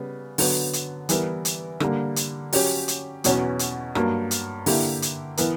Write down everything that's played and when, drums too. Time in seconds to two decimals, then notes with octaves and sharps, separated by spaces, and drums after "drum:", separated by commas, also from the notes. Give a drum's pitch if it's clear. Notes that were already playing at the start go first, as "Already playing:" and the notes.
Already playing: C#3 G3 B3
0.38 D3 F#3 B3, drum: open hi-hat
0.73 drum: hi-hat
1.09 E3 G3 B3 E4 A#4, drum: hi-hat
1.45 drum: hi-hat
1.80 D3 G3 A#3, drum: rim click
2.16 drum: hi-hat
2.53 F#3 C#4 G4, drum: open hi-hat
2.88 drum: hi-hat
3.24 E2 B2 F#3 C#4, drum: hi-hat
3.59 drum: hi-hat
3.95 G2 F#3 A#3, drum: rim click
4.31 drum: hi-hat
4.66 D3 A#3 E4 G4, drum: open hi-hat
5.02 drum: hi-hat
5.37 E3 B3 E4 A#4, drum: hi-hat